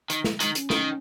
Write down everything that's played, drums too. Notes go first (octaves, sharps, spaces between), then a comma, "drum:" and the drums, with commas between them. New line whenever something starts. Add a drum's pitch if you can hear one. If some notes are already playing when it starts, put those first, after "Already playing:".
D#3, drum: hi-hat
G#3, drum: snare
D#3 G#3, drum: hi-hat
C#4, drum: hi-hat
D#3, drum: snare